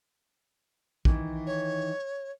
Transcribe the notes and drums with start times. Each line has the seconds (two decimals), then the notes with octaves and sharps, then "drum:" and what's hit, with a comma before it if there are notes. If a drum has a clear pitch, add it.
1.05 D#3 E3, drum: kick A#1
1.46 C#5